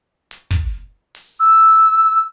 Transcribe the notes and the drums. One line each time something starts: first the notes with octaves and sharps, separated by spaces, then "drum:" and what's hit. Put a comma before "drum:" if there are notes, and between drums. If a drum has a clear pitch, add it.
drum: hi-hat
drum: kick
drum: open hi-hat
E6